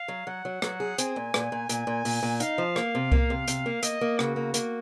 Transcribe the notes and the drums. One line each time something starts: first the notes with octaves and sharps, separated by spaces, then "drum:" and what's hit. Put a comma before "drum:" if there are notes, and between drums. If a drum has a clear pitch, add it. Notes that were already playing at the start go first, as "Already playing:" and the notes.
Already playing: F5
F#3
F#3 F#5
F#3
F#3, drum: rim click
G#4
C4 G#5, drum: hi-hat
A#2
A#2, drum: rim click
A#2
A#2 G#5, drum: hi-hat
A#2
A#2, drum: open hi-hat
A#2
D#4 F5, drum: hi-hat
F3
A#3, drum: rim click
C3
A#3, drum: kick C2
C3
C3, drum: hi-hat
A#3
A#3 D#5, drum: hi-hat
A#3
C#3 F#4, drum: rim click
A#3
A#3, drum: hi-hat